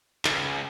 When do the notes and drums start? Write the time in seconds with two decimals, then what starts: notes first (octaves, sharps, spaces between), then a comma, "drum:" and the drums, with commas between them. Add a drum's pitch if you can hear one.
0.25 C#2, drum: clap